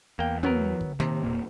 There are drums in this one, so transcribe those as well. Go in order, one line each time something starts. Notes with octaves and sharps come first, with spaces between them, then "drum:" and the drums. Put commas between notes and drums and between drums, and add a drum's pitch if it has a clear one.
E2 A#3 G5
F#3 B3 A#4, drum: tom
drum: kick
C3 D#3 A#3, drum: snare
E1 A#2 A#3